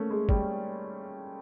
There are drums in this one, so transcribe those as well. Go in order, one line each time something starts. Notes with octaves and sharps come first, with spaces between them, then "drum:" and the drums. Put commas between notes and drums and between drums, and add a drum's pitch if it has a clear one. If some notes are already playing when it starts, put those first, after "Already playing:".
Already playing: A3 A#3 C#4
G#3
G3, drum: kick